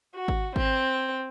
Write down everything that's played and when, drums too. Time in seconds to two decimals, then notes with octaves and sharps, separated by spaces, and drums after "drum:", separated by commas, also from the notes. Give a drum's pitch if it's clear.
0.15 F#4
0.28 drum: kick G#1
0.56 C4, drum: kick G#1